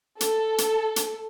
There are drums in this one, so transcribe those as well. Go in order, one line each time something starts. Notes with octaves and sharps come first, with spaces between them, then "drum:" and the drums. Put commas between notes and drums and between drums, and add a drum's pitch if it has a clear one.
A4, drum: hi-hat
drum: hi-hat
drum: hi-hat